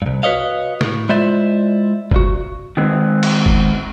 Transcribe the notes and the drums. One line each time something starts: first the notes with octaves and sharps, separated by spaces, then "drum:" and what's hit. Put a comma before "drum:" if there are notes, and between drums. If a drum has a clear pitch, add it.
C2 G2
F#4 B4 C#5 D#5 F5
A2, drum: snare
G#3 E4 F4 C5 D5 E5
C2 G2 F#4, drum: kick F#1
D#3 G#3 B3 C4
drum: cymbal
drum: kick F#1